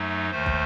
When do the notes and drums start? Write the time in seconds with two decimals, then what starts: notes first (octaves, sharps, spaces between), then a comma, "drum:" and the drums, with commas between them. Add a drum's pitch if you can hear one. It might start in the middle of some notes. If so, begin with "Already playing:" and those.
Already playing: F#2 F#3 A3 D#4
0.30 D#2 D#3 A3 C5
0.46 drum: kick